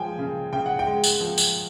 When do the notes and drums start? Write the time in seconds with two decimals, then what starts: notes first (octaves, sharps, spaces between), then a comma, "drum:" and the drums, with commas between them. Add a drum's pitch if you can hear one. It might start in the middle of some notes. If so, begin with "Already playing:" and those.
Already playing: F3 G#3 G5 G#5
0.19 C#3
0.53 C#3 G5
0.66 F#5
0.79 G5
0.86 G#3
1.04 drum: tambourine
1.21 F3
1.38 drum: tambourine